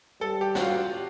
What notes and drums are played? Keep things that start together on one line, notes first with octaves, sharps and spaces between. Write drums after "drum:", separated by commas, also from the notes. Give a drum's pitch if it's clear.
G3 A4
G4
F#4, drum: snare
F4